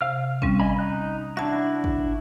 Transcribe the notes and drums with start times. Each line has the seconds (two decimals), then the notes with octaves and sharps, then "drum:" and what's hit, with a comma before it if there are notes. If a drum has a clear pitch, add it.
0.01 C3 F5 F6
0.42 G3 C4 C#4, drum: kick
0.60 D#5 G#5 B5
0.79 D#4 F#6
1.37 D4 E4 F#4 E5 A5
1.84 drum: kick